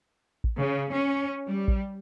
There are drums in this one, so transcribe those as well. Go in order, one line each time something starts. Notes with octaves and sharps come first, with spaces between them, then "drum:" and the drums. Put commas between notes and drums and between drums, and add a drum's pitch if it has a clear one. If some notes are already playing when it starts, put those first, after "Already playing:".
drum: kick A1
C#3
C#4
G3
drum: kick A1